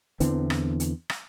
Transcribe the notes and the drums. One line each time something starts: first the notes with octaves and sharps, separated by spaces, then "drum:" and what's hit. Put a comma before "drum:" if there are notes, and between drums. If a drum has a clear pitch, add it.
E2 D3 E3 C4, drum: hi-hat
drum: rim click
drum: hi-hat
drum: rim click